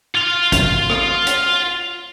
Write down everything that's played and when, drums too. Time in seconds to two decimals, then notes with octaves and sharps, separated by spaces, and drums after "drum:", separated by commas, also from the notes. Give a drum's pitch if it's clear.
0.15 F4 F5
0.52 drum: kick, hi-hat
0.89 drum: rim click
1.27 drum: hi-hat